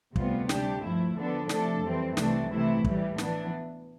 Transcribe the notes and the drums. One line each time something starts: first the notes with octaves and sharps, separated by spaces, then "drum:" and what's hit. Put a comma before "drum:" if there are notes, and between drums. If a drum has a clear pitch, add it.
D2 C3 G3 B3 F4, drum: kick
C3 G3 D4 G4, drum: snare
G2 F3 A3 E4
D3 F3 B3 D4 A4
C3 F3 A3 D4 A4, drum: snare
F2 E3 G3 C4
C2 C3 E3 A3 D4, drum: snare
C3 E3 A3 E4
A2 E3 G3, drum: kick
E3 B3 D4, drum: snare